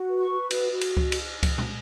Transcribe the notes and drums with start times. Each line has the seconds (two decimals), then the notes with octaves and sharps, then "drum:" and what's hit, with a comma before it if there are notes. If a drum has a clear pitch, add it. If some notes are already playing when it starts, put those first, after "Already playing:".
Already playing: F#4
0.10 B4
0.19 C#6
0.30 B4
0.51 F#4, drum: cymbal
0.71 F#4
0.81 drum: cymbal
0.97 drum: kick C#2
1.12 drum: cymbal
1.43 drum: kick C#2, cymbal
1.58 drum: tom A#2